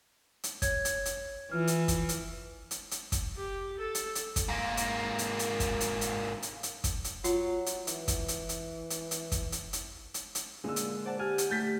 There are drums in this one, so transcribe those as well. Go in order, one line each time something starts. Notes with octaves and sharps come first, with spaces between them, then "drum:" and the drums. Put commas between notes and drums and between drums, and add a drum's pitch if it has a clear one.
drum: hi-hat
C#5 G#6, drum: kick, hi-hat
drum: hi-hat
drum: hi-hat
E3 F4 F6
drum: hi-hat
drum: kick, hi-hat
drum: hi-hat
drum: hi-hat
drum: hi-hat
drum: kick, hi-hat
G4
A4
drum: hi-hat
drum: hi-hat
drum: kick, hi-hat
G#2 A#3
drum: hi-hat
drum: hi-hat
drum: hi-hat
drum: kick, hi-hat
drum: hi-hat
drum: hi-hat
drum: hi-hat
drum: hi-hat
drum: kick, hi-hat
drum: hi-hat
F#3 F4, drum: hi-hat
drum: hi-hat
E3, drum: hi-hat
drum: kick, hi-hat
drum: hi-hat
drum: hi-hat
drum: hi-hat
drum: hi-hat
drum: kick, hi-hat
drum: hi-hat
drum: hi-hat
drum: hi-hat
drum: hi-hat
A#2 D3 G#3 E6
drum: hi-hat
C5 D5 F#5 A5
G4 G#5 F6
drum: hi-hat
A3 G6 A6 B6